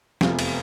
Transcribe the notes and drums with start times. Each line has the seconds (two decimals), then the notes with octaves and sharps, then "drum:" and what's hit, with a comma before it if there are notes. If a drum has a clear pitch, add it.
0.21 F1 E2 C3 F3 F4, drum: snare
0.39 F4, drum: cymbal